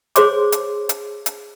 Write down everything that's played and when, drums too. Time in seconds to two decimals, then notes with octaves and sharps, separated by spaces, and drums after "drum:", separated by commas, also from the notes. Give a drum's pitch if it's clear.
0.16 G#4 C5 C#5 C6 D6, drum: hi-hat
0.52 drum: hi-hat
0.89 drum: hi-hat
1.26 drum: hi-hat